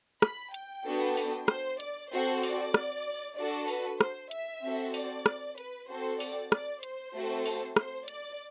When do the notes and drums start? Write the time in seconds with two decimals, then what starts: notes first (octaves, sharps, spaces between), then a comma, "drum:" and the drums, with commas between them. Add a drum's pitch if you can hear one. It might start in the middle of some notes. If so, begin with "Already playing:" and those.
0.22 B5, drum: rim click
0.54 G5, drum: hi-hat
0.85 B3 D4 F#4 A4
1.17 drum: open hi-hat
1.48 C5, drum: rim click
1.80 D5, drum: hi-hat
2.11 C4 F#4 A4 C5
2.43 D5, drum: open hi-hat
2.74 drum: rim click
3.37 D4 F#4 A4 D5
3.68 B4, drum: open hi-hat
4.01 C5, drum: rim click
4.31 E5, drum: hi-hat
4.62 C4 F#4 A4
4.94 D5, drum: open hi-hat
5.26 drum: rim click
5.58 B4, drum: hi-hat
5.89 C4 F#4 A4 C5
6.20 D5, drum: open hi-hat
6.52 D5, drum: rim click
6.83 C5, drum: hi-hat
7.14 A3 C4 F#4 A4
7.46 drum: open hi-hat
7.76 C5, drum: rim click
8.08 D5, drum: hi-hat